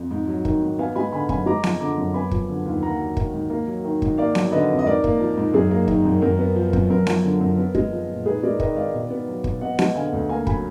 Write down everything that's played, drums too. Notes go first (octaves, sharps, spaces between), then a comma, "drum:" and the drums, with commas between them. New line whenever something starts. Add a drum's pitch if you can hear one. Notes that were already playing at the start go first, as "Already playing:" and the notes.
Already playing: F2
G#2
F#3
D#3, drum: kick
G#2
B3 F5 G#5
G#3 G#5 B5
D3 G#5 B5
F#2 G#5 B5, drum: kick
G#3 A#5 D6
F3, drum: snare B3
D3 A#5 D6
F#2
B3 G#5 B5
F3, drum: kick
D3
D#2
A#3 F#5 A#5
F#3
D#3, drum: kick
G#2
A#3
F#3
D#3
G#2, drum: kick
A#3 D5 F5
F#3, drum: snare B3
D3 B4 D#5
F2
D#5
G#2 A#4 D5
A#3, drum: kick
F3
G#2
F#2 G#4
A#3
D#3, drum: kick
F#2
F#2 A#4
B3
F3
F#2, drum: kick
F#2 A#4
F3, drum: snare B3
D3
F#2
B3
G#3, drum: kick
F3
A#2
G#2 G#4 B4
G#3 A#4 D5
D#3 B4 D#5, drum: kick
G#2 D5 F5
B2
B3
F#3
B2, drum: kick
B3 D#5 F#5
G#3, drum: snare B3
D3 F5 G#5
D2
A#3 F5 G#5
F#3 G#5 B5, drum: kick